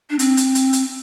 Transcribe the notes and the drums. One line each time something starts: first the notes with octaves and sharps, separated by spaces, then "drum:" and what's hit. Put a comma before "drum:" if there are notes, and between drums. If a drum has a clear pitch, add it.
D4
C4, drum: hi-hat
drum: hi-hat
drum: hi-hat
drum: hi-hat